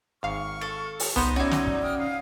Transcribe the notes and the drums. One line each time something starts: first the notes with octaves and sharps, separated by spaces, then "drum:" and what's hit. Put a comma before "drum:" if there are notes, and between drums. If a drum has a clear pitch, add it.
G#1 F5 C#6 F6
A4
drum: open hi-hat
B3 D#4 C5, drum: tom C2
C#4 E4 F#4 D5
drum: snare
drum: kick
G5 D#6 F6
D#4 F5